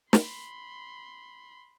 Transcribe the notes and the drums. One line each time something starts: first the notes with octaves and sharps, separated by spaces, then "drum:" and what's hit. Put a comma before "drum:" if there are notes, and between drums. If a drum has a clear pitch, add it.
B5 C6, drum: snare